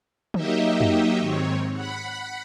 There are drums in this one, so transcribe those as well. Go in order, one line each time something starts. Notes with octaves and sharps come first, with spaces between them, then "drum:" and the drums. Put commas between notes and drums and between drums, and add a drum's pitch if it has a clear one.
F#3 A#3 D#4 G4 D#5 E5, drum: tom
drum: tom
G#2 D#3 C4 C#5
F#5 B5